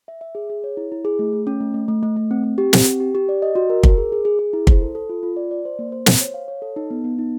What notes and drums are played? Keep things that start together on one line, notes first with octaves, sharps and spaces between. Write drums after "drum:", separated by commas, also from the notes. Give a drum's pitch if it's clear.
E5
E5
G#4
G#4
C#5
E4
E4
G#4
A3
A3
C#4
A3
A3
A3
A3
A3
C4
C4
G4
C4, drum: snare
G4
G4
G4
D5
D#5
F#4
A#4
A#4, drum: kick
G#4
G#4
G#4
G#4
E4
C5, drum: kick
A4
A4
F4
F4
D5
D5
C5
A#3
C5
C5, drum: snare
C#5
F5
C#5
A4
D#4
B3
B3
D#4